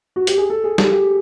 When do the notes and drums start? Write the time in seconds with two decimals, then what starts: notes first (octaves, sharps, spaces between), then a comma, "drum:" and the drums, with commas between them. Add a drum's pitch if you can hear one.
0.16 F#4
0.27 G4, drum: hi-hat
0.38 G#4
0.50 A4
0.64 G#4
0.78 G4, drum: snare
0.93 G4